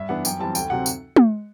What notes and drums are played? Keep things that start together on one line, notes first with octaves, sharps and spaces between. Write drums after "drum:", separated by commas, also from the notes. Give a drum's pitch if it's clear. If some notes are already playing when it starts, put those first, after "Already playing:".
Already playing: G2 E5
E3 B3 D4 F#5
F#2 G5, drum: tambourine
E3 G3 C4 A5
D2 G5, drum: tambourine
C3 F#3 C4 F#5
drum: tambourine
drum: tom